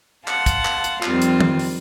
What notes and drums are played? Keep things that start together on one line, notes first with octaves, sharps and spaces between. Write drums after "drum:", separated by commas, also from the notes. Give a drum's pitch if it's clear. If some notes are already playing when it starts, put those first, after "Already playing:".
F5 F#5 A5 C6, drum: clap
drum: kick, hi-hat
drum: clap
drum: hi-hat
F2 D#3 G3 C4 F4, drum: clap
drum: hi-hat
drum: tom
drum: open hi-hat